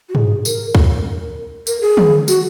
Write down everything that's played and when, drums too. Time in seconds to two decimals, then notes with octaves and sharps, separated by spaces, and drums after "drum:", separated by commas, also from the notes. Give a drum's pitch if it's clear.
0.09 F#4
0.15 G#4, drum: tom
0.45 A#4, drum: tambourine
0.75 A#4, drum: kick
1.67 A#4, drum: tambourine
1.81 G#4
1.97 drum: tom
2.28 F#4, drum: tambourine